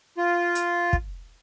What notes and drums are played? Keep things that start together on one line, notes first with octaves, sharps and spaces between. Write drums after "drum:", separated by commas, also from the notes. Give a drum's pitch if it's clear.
F4
drum: hi-hat
drum: kick